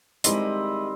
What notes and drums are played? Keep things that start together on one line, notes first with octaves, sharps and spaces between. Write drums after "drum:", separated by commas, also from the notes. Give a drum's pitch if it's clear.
D#3 G3 G#3 C4 E4 D#5, drum: hi-hat